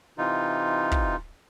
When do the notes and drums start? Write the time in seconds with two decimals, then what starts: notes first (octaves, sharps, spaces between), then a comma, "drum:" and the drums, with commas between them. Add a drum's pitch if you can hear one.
0.18 C3 E3 D#4 F4
0.91 drum: kick